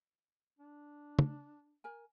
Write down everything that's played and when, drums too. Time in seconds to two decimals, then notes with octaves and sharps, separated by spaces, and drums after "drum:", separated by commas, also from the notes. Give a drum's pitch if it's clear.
0.59 D4
1.19 drum: tom
1.84 A#4 G#5